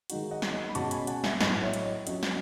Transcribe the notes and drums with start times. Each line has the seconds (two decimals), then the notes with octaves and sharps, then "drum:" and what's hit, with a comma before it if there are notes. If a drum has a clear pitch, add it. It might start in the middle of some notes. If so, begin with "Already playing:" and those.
0.10 D#3 G#3 D#4 F#4, drum: hi-hat
0.31 D#5 F#5
0.42 drum: snare
0.53 D#5
0.69 B5
0.75 B2 G#3 C#4 F#4 A5 C#6, drum: hi-hat
0.91 G#5 B5, drum: hi-hat
1.07 F#5 A5, drum: hi-hat
1.24 E5 G#5, drum: snare
1.40 A2 F#3 A3 D#5 F#5, drum: snare
1.62 C#5 E5
1.73 drum: hi-hat
1.85 D#5
2.07 F#3 C#4 F#4 D#5, drum: hi-hat
2.23 drum: snare